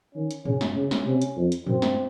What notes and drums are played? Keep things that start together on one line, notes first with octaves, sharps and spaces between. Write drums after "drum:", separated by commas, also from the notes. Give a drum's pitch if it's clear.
D#3 C#4
drum: hi-hat
C#3 C#4, drum: tom
drum: snare
C#3 C#4
drum: snare
C3
drum: hi-hat
F2
drum: hi-hat
F#2 C4, drum: tom
drum: snare